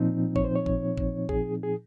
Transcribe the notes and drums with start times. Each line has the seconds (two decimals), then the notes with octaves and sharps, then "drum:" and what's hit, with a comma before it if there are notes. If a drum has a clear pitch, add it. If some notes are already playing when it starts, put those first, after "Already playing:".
Already playing: A#2 F3 C4 D#4
0.36 C#5, drum: kick A1
0.44 C5
0.56 C#5
0.66 drum: kick A1
0.98 drum: kick A1
1.29 G#4, drum: kick A1
1.63 G#4